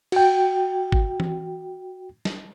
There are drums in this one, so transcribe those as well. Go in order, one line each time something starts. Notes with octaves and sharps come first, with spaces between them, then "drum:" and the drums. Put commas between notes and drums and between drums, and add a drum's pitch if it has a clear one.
F#4 G5, drum: cymbal
drum: kick
drum: tom E3
drum: snare